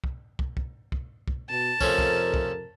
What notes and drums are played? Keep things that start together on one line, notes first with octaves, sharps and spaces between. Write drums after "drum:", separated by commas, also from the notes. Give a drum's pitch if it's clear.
drum: kick
drum: kick
drum: kick
drum: kick
drum: kick
B2 A5
F2 C3 F3 A3 C#4 A#4, drum: kick
drum: kick
drum: kick